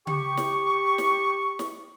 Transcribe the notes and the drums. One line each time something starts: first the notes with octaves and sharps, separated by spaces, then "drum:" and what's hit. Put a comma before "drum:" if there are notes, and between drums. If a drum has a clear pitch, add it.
G4 C#6, drum: tom C#3
drum: snare
drum: snare
drum: snare